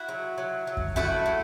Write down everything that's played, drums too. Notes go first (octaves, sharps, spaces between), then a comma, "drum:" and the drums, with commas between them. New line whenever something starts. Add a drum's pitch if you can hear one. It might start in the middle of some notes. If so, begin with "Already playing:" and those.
Already playing: E4 F#4
F#3
F#3
F#3
drum: kick
A3 E4 F#4, drum: kick
A3